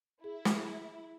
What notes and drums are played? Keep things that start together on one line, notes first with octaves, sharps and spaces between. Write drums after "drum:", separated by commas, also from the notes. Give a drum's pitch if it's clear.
E4 G#4
drum: snare